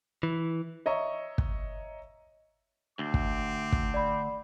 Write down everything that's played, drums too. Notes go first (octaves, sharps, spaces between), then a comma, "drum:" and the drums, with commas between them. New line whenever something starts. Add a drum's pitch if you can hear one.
E3
C#5 D#5 E5 A#5 C#6
drum: kick
D2 C4 D6
drum: kick
drum: kick
D5 B5